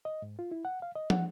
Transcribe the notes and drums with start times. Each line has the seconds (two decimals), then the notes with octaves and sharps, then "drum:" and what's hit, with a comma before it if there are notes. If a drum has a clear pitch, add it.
0.05 D#5
0.22 G#2
0.39 F4
0.52 E4
0.65 F#5
0.82 F5
0.95 D#5
1.10 F#5, drum: tom